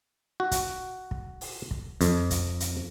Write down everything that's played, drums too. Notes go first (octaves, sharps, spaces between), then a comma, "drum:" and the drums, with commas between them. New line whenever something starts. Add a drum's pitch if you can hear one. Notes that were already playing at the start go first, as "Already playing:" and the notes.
F#4
drum: kick, hi-hat
drum: kick
drum: open hi-hat
drum: kick
F2, drum: hi-hat
drum: kick, hi-hat
drum: hi-hat